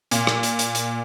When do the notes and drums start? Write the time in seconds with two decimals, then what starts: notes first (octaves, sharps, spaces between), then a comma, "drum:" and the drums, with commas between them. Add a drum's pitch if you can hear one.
0.11 A#2, drum: hi-hat
0.27 drum: rim click
0.43 drum: hi-hat
0.59 drum: hi-hat
0.75 drum: hi-hat